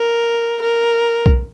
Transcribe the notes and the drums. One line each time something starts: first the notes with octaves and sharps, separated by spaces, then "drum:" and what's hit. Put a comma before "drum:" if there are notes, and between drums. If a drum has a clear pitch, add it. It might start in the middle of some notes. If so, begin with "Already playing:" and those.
Already playing: A#4
A#4
drum: kick B1